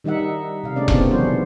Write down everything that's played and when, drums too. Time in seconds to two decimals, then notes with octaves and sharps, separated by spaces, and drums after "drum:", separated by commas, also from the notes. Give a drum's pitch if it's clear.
0.04 D#3 G3 D#4 E5 F#5
0.19 D#4
0.64 C3 F5
0.76 G#3 A3 C#4 D4 D5
0.88 B2 D#3 B3 C4, drum: kick E1
1.11 C#3 E3 F#3 C#4 F#4 C5